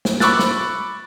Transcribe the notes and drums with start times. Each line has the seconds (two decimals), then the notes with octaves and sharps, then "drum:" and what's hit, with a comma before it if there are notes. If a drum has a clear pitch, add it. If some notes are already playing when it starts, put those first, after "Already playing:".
0.05 drum: snare
0.20 B5 C#6 D6 E6 F#6 A6, drum: snare
0.39 drum: snare